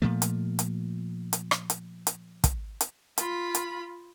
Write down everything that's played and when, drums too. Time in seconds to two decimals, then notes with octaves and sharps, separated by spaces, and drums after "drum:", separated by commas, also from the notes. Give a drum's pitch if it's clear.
0.02 A#2 F3 A3
0.22 drum: hi-hat
0.59 drum: hi-hat
1.33 drum: hi-hat
1.51 drum: rim click
1.70 drum: hi-hat
2.07 drum: hi-hat
2.44 drum: kick, hi-hat
2.81 drum: hi-hat
3.18 F4 B5, drum: hi-hat
3.55 drum: hi-hat